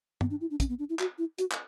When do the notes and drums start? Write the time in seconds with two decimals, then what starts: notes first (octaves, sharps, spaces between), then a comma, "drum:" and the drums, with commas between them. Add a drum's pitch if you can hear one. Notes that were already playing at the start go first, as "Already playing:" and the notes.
0.21 B3, drum: tom
0.31 D4
0.41 E4
0.51 D4
0.60 C#4, drum: kick, hi-hat
0.69 B3
0.79 D4
0.90 E4
0.99 F#4, drum: clap
1.18 E4
1.38 F#4, drum: hi-hat
1.51 drum: clap